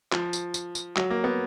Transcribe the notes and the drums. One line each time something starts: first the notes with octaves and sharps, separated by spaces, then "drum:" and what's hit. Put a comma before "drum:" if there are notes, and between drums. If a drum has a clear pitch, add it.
F3, drum: clap
drum: tambourine
drum: tambourine
drum: tambourine
F#3, drum: clap
A#3
B3